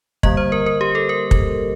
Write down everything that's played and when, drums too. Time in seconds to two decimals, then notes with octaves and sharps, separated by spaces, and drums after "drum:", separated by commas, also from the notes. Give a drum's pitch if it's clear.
0.23 D3 G3 A#3 D#5, drum: kick
0.37 C5
0.52 A#4
0.66 A#4
0.81 G4
0.95 A4
1.09 A#4
1.31 drum: kick